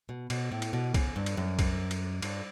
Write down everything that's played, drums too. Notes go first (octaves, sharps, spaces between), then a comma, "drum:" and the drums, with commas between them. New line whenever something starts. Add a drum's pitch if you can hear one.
B2
B2, drum: cymbal
A2
drum: cymbal
B2
C#3, drum: kick B1, cymbal
G2
drum: cymbal
F#2
drum: kick B1, cymbal
drum: cymbal
G2, drum: cymbal